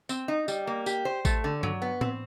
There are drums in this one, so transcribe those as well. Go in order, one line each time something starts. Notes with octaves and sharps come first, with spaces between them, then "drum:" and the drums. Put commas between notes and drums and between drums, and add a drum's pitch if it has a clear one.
C4, drum: tambourine
D#4
G3, drum: tambourine
A#3
G4, drum: tambourine
C5
A3, drum: kick A1, tambourine
D3
F#3, drum: tom G2
B3
C4, drum: tom A2